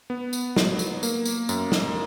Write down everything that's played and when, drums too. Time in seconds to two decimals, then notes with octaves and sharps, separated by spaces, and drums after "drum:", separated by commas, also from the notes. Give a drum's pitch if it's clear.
0.10 B3
0.33 drum: tambourine
0.56 F#3, drum: snare
0.79 drum: tambourine
1.03 A#3, drum: tambourine
1.25 drum: tambourine
1.49 F#2, drum: tambourine
1.72 drum: snare